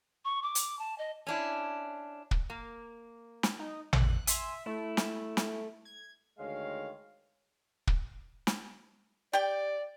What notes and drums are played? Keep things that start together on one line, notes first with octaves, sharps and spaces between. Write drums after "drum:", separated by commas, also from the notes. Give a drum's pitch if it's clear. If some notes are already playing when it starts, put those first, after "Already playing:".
C#6
D6
drum: hi-hat
A5
D#5
C#4 D4 E4
drum: kick
A#3
drum: snare
D#4
F#6, drum: tom A1
E5 G#5 C6, drum: hi-hat
A3 E4
drum: snare
drum: snare
G#6
D2 D#3 G#3 C#5 F5
drum: kick
drum: snare
G4 D5 G5